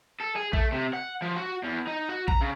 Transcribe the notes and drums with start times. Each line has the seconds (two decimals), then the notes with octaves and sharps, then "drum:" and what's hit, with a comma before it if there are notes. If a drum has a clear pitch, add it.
0.21 A4
0.36 G#4
0.53 A3, drum: kick A#1
0.72 C3
0.94 F#5
1.22 F3
1.36 F#4
1.63 E2
1.87 D#4
2.09 F#4
2.28 A#5, drum: kick A#1
2.41 C#3